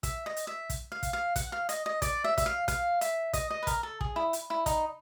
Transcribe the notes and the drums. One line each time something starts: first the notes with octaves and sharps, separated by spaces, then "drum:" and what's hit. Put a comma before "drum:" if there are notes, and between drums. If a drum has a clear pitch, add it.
E5, drum: kick, hi-hat
D#5
drum: hi-hat
E5
drum: kick, hi-hat
F5
drum: kick, hi-hat
F5
F#5, drum: kick, hi-hat
F5
D#5, drum: hi-hat
D#5
D5, drum: kick, hi-hat
E5
E5, drum: kick, hi-hat
F5
F5, drum: kick, hi-hat
E5, drum: hi-hat
D#5, drum: kick, hi-hat
D#5
B4
A#4, drum: kick, hi-hat
A4
G#4, drum: kick
E4
drum: hi-hat
E4
D#4, drum: kick, hi-hat